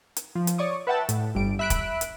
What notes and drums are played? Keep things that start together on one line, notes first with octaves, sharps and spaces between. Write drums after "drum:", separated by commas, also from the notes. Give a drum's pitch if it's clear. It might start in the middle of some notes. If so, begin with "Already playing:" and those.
drum: hi-hat
F3
drum: hi-hat
C#5 D5 C#6 D#6
B4 E5 F#5 G5 A5
A2, drum: hi-hat
G1 G3 D7
E5 B5 F#6 B6 D7
drum: kick, hi-hat
drum: hi-hat